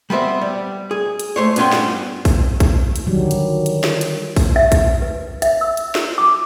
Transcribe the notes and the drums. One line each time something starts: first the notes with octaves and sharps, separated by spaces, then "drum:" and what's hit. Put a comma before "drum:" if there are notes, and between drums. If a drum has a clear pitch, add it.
G3 B3 C4 E5
G3
G#4
drum: hi-hat
A3 C5 C#5
G2 B3 C#4 D4 G5 C6, drum: hi-hat
drum: snare
drum: kick, open hi-hat
drum: kick, hi-hat
drum: hi-hat
D3 D#3 F#3 G3
drum: hi-hat
drum: hi-hat
drum: snare
drum: hi-hat
drum: kick, open hi-hat
E5
drum: kick, hi-hat
B4
E5, drum: hi-hat
E6
drum: hi-hat
drum: snare
D6